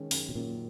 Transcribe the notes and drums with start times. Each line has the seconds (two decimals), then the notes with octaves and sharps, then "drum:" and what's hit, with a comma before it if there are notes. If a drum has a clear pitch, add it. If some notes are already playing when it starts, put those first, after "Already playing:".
Already playing: D#3 G#3 C#4
0.11 F#2, drum: open hi-hat
0.29 B2
0.35 F#2 A#2